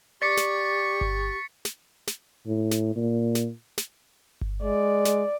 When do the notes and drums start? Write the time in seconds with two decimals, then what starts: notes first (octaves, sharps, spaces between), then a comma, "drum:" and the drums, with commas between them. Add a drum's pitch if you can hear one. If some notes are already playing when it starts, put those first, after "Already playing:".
0.22 G4 D5 C#6 D6 A6 B6 C#7
0.37 drum: snare
1.01 drum: kick G1
1.65 drum: snare
2.07 drum: snare
2.47 A2
2.71 drum: snare
2.96 A#2
3.35 drum: snare
3.78 drum: snare
4.41 drum: kick G1
4.63 G#3 D5
5.05 drum: snare